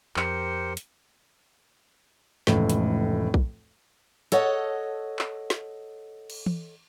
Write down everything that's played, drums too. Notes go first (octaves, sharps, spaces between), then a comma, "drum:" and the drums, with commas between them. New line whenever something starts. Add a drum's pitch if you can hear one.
F2 G4 A#4 C5 C#7, drum: clap
drum: hi-hat
F1 C#2 A2 E3, drum: snare
drum: hi-hat
drum: kick A#1
A4 C#5 D#5 F#5, drum: hi-hat
drum: clap
drum: snare
drum: cymbal
drum: tom E3